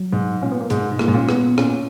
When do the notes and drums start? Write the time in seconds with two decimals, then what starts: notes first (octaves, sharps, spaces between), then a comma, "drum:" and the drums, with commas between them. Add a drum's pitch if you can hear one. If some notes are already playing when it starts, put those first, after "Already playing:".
Already playing: F#3
0.13 G#2
0.41 A#2 C#4
0.52 B3
0.61 A#3
0.70 G#2 G#3, drum: hi-hat
0.92 G#2
0.99 A#3, drum: rim click
1.08 G#2
1.14 A#2 C#4
1.29 B3, drum: rim click
1.58 A#2 C#4, drum: rim click